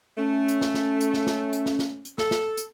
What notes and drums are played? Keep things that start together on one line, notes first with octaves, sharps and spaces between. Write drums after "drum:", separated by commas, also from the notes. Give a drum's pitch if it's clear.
A3 C#4
drum: hi-hat
drum: snare
drum: snare
drum: hi-hat
drum: snare
drum: snare
drum: hi-hat
drum: snare
drum: snare
drum: hi-hat
A4, drum: snare
drum: snare
drum: hi-hat